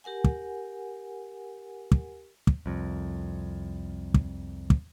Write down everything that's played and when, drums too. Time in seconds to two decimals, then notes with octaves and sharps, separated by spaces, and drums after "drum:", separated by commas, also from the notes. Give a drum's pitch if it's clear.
0.04 G4 A#4 F#5 G#5
0.24 drum: kick
1.92 drum: kick
2.47 drum: kick
2.66 C2 F2
4.14 drum: kick
4.70 drum: kick